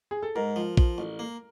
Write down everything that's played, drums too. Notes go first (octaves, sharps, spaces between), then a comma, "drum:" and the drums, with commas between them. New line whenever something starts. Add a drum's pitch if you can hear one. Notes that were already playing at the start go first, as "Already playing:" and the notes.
G#4
A4
G#2 A#4
F3
F3, drum: kick A#1
A1
A#3